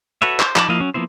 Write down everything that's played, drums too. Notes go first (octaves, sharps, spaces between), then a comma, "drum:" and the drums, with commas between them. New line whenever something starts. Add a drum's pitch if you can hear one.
F#4 A4 B4 C#5 E5
C5, drum: clap
F3 D#4 A5 B5 D6, drum: clap
F3 A#3 E4 D#5 F5
F#3 C#4
F3 A#3 B3 E4 C5